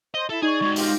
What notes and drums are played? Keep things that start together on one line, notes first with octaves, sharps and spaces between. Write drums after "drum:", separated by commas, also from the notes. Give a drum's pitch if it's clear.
C5 D#5
E4 A4 E5
D#4 G#4 D5 C#6 G#6
G#3 F#4
F4 G4 D#5, drum: open hi-hat